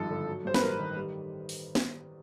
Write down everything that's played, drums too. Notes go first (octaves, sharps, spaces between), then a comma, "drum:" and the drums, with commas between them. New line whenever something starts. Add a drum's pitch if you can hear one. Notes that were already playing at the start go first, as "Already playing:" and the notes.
Already playing: G#1 G2 F3 A4
D3
F#3
G2 C5
B4, drum: snare
A1 A#4
D#3
G3
drum: open hi-hat
drum: snare